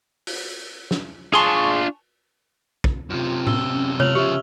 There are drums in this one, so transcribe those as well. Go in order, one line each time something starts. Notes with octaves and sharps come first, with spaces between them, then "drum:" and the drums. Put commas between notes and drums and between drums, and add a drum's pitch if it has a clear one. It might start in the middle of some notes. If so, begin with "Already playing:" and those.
drum: open hi-hat
drum: snare
D4 F4 G#4 G#5 A5 C6 C#6
drum: kick
F#2 C3 F4
E6 G7, drum: tom A2
C#4
F4 B4 C#5 F6 F7 F#7, drum: tom C3
C#3 F3 G4 E5